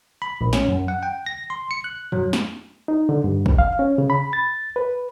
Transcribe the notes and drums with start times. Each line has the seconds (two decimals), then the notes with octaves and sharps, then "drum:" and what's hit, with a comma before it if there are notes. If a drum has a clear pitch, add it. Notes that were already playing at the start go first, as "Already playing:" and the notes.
0.22 B5
0.41 A#1
0.53 C#4, drum: snare
0.69 F#2
0.88 F#5
1.03 G5
1.26 A#6
1.50 C6
1.71 C#7
1.84 F#6
2.12 F#3, drum: tom F2
2.33 drum: snare
2.88 D#4
3.09 D3
3.24 G2
3.46 drum: kick
3.59 F5
3.79 C#4
3.98 C#3
4.10 B5
4.33 A6
4.76 B4